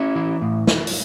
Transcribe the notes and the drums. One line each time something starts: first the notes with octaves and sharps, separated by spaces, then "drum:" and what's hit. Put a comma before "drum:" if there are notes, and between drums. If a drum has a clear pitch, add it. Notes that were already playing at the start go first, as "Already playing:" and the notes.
Already playing: C#4 E4
E3
A2
drum: snare
drum: open hi-hat